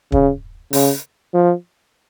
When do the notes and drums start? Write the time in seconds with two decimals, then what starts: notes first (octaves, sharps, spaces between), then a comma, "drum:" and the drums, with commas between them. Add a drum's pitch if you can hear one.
0.12 C#3, drum: kick
0.73 C#3, drum: open hi-hat
1.34 F3